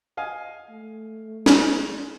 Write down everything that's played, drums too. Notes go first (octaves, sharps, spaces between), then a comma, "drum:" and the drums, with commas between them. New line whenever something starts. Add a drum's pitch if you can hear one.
D#5 F5 G#5
A3
drum: snare